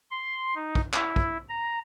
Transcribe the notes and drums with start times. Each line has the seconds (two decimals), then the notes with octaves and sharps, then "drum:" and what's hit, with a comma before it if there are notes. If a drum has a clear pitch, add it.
0.11 C6
0.55 D#4
0.75 drum: kick
0.94 E4, drum: clap
1.16 drum: kick
1.49 A#5